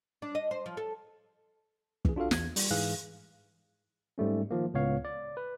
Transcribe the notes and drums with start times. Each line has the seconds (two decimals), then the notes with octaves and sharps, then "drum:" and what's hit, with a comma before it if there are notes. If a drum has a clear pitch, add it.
0.22 D4
0.35 D#5
0.51 C5
0.66 F3
0.77 A4
2.05 E3 G#4, drum: kick
2.16 D4 F4 F#4 A4 F5
2.31 E2 G#6, drum: snare
2.56 G3, drum: open hi-hat
2.71 G#2 E3 G#4 F5 F#6
4.18 G#2 G3 A3 C#4
4.51 D#3 F3 A#3
4.74 C#2 A2 B3 C#5 F5
5.05 D5
5.37 B4